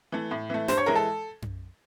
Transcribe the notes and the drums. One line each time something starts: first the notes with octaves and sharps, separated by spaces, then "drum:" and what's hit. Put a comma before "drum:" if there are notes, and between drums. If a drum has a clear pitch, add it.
E3 A3
A2
E3 A3
G2 C5, drum: snare
C#5
E3 G#3 A#4
A4
drum: tom F#2